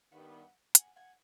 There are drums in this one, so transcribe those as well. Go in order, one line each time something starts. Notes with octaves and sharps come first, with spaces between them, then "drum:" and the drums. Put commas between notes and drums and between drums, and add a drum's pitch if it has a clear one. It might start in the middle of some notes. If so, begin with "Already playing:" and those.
G2 D#3 G3 B3 E5 F#5
E5 F#5
F#5 G#5, drum: hi-hat
F#5 G#5